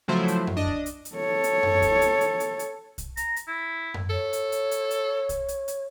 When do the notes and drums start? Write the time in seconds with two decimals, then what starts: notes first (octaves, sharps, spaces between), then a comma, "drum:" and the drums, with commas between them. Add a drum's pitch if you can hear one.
0.08 C#3 F3 F#3 A3 E4 C5
0.28 drum: hi-hat
0.47 drum: tom F#2
0.57 D4 D#5
0.67 drum: kick
0.86 drum: hi-hat
1.05 drum: hi-hat
1.16 A4 C#5
1.44 drum: hi-hat
1.63 drum: tom F#2
1.82 drum: kick, hi-hat
2.01 drum: hi-hat
2.21 drum: hi-hat
2.40 drum: hi-hat
2.59 drum: hi-hat
2.98 drum: kick, hi-hat
3.17 A#5, drum: hi-hat
3.36 drum: hi-hat
3.48 E4
3.94 drum: tom F#2
4.10 A4 C#5
4.33 drum: hi-hat
4.52 drum: hi-hat
4.71 drum: hi-hat
4.91 drum: hi-hat
5.29 drum: kick, hi-hat
5.48 drum: hi-hat
5.68 drum: hi-hat